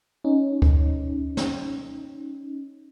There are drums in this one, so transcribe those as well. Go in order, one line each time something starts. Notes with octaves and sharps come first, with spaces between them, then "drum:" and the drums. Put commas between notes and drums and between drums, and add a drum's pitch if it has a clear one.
C#4 D#4
drum: kick D2
drum: snare